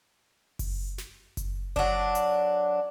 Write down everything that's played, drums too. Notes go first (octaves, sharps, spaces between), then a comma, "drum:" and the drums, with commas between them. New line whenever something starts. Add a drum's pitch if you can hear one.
drum: kick F#1, open hi-hat
drum: snare
drum: kick F#1, hi-hat
F#3 D4, drum: kick F#1
drum: hi-hat